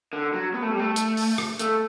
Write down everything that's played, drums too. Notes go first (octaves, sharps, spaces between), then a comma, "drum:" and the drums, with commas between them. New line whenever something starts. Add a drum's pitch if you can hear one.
D3
F#3
B3
A3
G3
A3
drum: hi-hat
drum: open hi-hat
drum: rim click
A3, drum: hi-hat